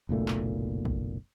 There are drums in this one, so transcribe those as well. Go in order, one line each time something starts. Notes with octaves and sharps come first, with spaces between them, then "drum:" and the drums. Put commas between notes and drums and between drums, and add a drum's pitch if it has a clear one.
F#1 B1 A#2 A3
drum: clap
drum: kick